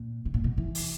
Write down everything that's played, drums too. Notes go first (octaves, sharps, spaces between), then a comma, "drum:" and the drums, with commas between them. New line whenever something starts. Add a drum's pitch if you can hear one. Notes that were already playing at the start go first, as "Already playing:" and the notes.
Already playing: A#2
B2
A#2
B2
E3
drum: open hi-hat